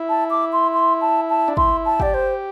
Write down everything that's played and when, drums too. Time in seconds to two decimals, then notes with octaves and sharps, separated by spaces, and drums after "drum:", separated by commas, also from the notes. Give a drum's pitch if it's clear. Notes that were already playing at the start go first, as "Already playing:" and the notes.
Already playing: E4
0.10 A5
0.30 D6
0.53 C6
0.74 C6
1.01 A5
1.30 A5
1.48 D4
1.57 E4 C6, drum: kick
1.85 A5
2.00 G4 D5, drum: kick
2.14 C5